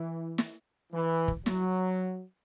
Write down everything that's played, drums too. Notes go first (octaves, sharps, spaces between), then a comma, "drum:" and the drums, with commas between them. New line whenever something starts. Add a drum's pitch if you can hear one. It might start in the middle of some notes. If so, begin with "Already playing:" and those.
Already playing: E3
drum: snare
E3
drum: kick
F#3, drum: snare